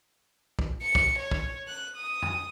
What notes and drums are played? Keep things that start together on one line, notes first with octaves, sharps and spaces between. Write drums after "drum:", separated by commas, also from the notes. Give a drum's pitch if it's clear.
drum: kick
C#7
drum: kick
C#5
drum: kick
F#6
D#6
drum: tom